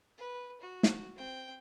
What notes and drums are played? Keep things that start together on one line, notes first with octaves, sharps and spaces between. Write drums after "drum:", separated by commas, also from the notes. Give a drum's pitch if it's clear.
B4
F#4
drum: snare
C4 G5